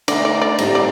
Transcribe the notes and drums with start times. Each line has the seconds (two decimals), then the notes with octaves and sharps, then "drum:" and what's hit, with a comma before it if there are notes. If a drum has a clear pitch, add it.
0.08 D3 A3 D#4 D5, drum: cymbal
0.25 D5
0.42 D5
0.58 A2 G3 C4 D#4 A4, drum: cymbal
0.75 D5